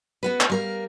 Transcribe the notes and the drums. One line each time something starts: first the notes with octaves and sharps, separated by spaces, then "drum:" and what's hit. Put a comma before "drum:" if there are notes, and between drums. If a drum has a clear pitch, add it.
B3 F#4 B4
drum: clap
G3 A#4 F5